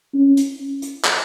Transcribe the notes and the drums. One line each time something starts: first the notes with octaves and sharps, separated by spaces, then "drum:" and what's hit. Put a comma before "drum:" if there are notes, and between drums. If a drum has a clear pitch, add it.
C#4
drum: hi-hat
drum: hi-hat
drum: clap